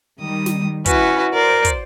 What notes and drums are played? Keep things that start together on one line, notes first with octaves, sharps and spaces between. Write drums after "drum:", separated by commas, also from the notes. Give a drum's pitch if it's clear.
D#3 G3 D#6
drum: snare
C#4 E4 F#4 B4, drum: kick, hi-hat
A#4 C5 D5
drum: kick, hi-hat